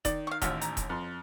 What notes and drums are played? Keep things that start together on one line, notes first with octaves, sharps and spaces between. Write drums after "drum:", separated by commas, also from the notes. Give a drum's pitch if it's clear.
D#3 D5, drum: kick E1, hi-hat
F5 C#6
A1 D#2 F4 F#4 E5, drum: kick E1, hi-hat
A#5, drum: hi-hat
drum: kick E1, hi-hat
F2 C6